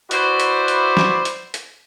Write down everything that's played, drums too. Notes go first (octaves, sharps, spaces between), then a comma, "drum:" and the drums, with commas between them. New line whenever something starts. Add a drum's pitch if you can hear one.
E4 F#4 B4 C5 D5 E5, drum: hi-hat
drum: hi-hat
drum: hi-hat
drum: snare
drum: hi-hat
drum: hi-hat